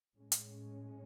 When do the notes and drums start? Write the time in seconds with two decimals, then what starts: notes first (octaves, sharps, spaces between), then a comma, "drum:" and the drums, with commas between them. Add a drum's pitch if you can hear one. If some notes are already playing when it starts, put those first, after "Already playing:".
0.15 A2 G#3 C#4
0.32 drum: hi-hat